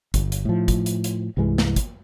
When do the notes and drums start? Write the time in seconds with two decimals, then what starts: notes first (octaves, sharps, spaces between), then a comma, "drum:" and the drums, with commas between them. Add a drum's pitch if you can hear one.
0.14 G1, drum: kick, hi-hat
0.32 drum: hi-hat
0.45 A2 F3
0.68 drum: kick, hi-hat
0.86 drum: hi-hat
1.04 drum: hi-hat
1.37 C2 G2 E3 G#3
1.58 drum: snare
1.76 drum: kick, hi-hat